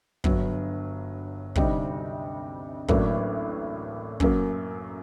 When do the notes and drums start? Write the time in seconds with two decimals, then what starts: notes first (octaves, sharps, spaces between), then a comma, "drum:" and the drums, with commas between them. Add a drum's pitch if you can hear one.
0.24 G1 G2 F#3, drum: kick
1.55 D2 C3 G3 C4 D#4, drum: kick
2.88 A1 A2 F#3 A#3 D4, drum: kick
4.20 F#2 F#3 A#3, drum: kick